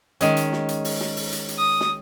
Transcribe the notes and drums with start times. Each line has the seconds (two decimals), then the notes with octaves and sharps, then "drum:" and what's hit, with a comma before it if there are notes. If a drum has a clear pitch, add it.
0.21 D#3 G#3 C#4, drum: hi-hat
0.37 drum: hi-hat
0.53 drum: snare
0.69 drum: hi-hat
0.85 drum: open hi-hat
1.01 drum: snare
1.17 drum: open hi-hat
1.33 drum: hi-hat
1.48 drum: hi-hat
1.58 D#6
1.80 drum: snare